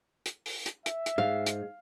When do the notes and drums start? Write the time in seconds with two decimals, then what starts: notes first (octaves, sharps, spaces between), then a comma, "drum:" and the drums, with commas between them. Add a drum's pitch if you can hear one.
0.26 drum: hi-hat
0.46 drum: open hi-hat
0.66 drum: hi-hat
0.86 E5, drum: hi-hat
1.06 drum: hi-hat
1.18 G#2 F5
1.46 drum: hi-hat